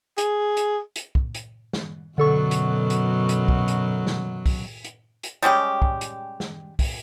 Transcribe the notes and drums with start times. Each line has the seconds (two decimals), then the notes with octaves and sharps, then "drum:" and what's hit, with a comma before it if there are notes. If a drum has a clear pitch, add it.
0.18 G#4, drum: hi-hat
0.57 drum: hi-hat
0.96 drum: hi-hat
1.15 drum: kick
1.35 drum: hi-hat
1.73 drum: snare
2.18 F#2 B2 D3 F#3 A4 C#6
2.51 drum: hi-hat
2.90 drum: hi-hat
3.29 drum: hi-hat
3.48 drum: kick
3.68 drum: hi-hat
4.07 drum: snare
4.46 drum: kick, open hi-hat
4.85 drum: hi-hat
5.23 drum: hi-hat
5.42 G3 G#3 C#4 G4
5.82 drum: kick
6.01 drum: hi-hat
6.40 drum: snare
6.79 drum: kick, open hi-hat